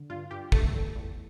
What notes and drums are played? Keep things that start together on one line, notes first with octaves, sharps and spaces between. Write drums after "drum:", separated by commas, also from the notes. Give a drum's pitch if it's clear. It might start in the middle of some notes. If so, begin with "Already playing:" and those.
Already playing: D3
G2 F4
G2 G4
D3 A3 A4, drum: kick
E2
E2